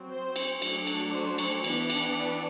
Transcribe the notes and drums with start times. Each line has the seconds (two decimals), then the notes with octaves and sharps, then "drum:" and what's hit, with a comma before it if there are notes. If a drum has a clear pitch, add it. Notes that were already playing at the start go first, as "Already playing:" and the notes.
Already playing: F#3 C4
0.10 C5
0.36 drum: cymbal
0.62 F#3 A3 D4, drum: cymbal
0.87 drum: cymbal
1.13 C5
1.38 drum: cymbal
1.64 E3 B3 D4, drum: cymbal
1.90 drum: cymbal
2.16 D5